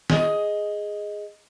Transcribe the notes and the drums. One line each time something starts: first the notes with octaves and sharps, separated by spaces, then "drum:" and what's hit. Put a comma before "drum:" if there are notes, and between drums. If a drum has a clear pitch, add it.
G#4 D#5, drum: snare